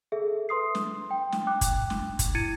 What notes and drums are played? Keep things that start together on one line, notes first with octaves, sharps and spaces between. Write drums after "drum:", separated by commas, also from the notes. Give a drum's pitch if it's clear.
G#4 A4 E5
B4 C6 D#6 C7
drum: snare
G5
drum: snare
G5 D6 F#6
drum: kick, hi-hat
drum: snare
drum: kick, hi-hat
E4 G#6 A6 C#7 D#7